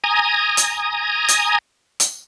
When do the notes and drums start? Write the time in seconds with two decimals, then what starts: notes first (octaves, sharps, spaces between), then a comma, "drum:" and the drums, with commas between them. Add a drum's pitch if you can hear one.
0.04 G#5 A#5 D#6
0.57 drum: hi-hat
1.28 drum: hi-hat
2.00 drum: hi-hat